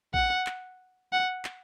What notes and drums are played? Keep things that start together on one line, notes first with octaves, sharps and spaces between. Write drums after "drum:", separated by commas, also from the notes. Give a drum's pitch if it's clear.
F#5, drum: kick
drum: clap
F#5
drum: clap